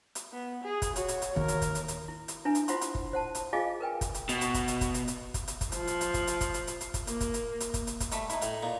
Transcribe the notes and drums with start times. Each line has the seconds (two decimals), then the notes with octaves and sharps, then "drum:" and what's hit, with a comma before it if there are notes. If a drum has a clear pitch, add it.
0.15 drum: hi-hat
0.33 B3
0.64 G#4
0.82 drum: kick, hi-hat
0.96 F#4 C#5, drum: hi-hat
1.08 drum: hi-hat
1.22 drum: hi-hat
1.36 D#2 A#4, drum: kick
1.48 drum: hi-hat
1.62 drum: kick, hi-hat
1.75 drum: hi-hat
1.88 drum: hi-hat
2.08 E4
2.28 drum: hi-hat
2.45 D4 E4 B4 E5 G#5
2.55 drum: hi-hat
2.68 E4 F4 C5 F#5 B5 C6, drum: hi-hat
2.81 drum: hi-hat
2.95 drum: kick
3.13 C5 F#5 A5
3.35 drum: hi-hat
3.53 F4 G#4 D#5 F5 G#5 D6
3.80 A#4 B4 G5 G#5
4.01 drum: kick, hi-hat
4.14 drum: hi-hat
4.29 B2, drum: hi-hat
4.41 drum: hi-hat
4.54 drum: kick, hi-hat
4.68 drum: hi-hat
4.81 drum: kick, hi-hat
4.94 drum: hi-hat
5.08 drum: hi-hat
5.34 drum: kick, hi-hat
5.48 drum: hi-hat
5.61 drum: kick, hi-hat
5.72 F3, drum: hi-hat
5.87 drum: hi-hat
6.01 drum: hi-hat
6.14 drum: kick, hi-hat
6.27 drum: hi-hat
6.41 drum: kick, hi-hat
6.54 drum: hi-hat
6.67 drum: hi-hat
6.81 drum: hi-hat
6.94 drum: kick, hi-hat
7.07 A#3, drum: hi-hat
7.20 drum: kick, hi-hat
7.34 drum: hi-hat
7.60 drum: hi-hat
7.74 drum: kick, hi-hat
7.87 drum: hi-hat
8.00 drum: kick, hi-hat
8.11 G3 A3 B5, drum: hi-hat
8.30 D#4 E4, drum: hi-hat
8.42 A2, drum: hi-hat
8.63 A#2 D#4